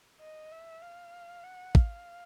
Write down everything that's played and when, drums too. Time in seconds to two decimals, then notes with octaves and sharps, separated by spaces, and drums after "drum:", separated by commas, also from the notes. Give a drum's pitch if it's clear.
0.20 D#5
0.52 E5
0.82 F5
1.44 F#5
1.75 F5, drum: kick